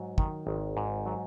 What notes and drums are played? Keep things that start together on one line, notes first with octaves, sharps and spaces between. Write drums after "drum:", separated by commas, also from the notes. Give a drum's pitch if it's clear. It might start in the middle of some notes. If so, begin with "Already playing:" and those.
Already playing: G#2 F#3
D#3, drum: kick
G#1
G#2
F#3